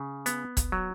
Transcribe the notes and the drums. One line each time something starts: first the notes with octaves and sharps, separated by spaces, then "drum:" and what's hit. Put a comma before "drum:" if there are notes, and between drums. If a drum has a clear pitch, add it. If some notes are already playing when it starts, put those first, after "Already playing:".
Already playing: C#3
B3, drum: hi-hat
drum: kick, hi-hat
F#3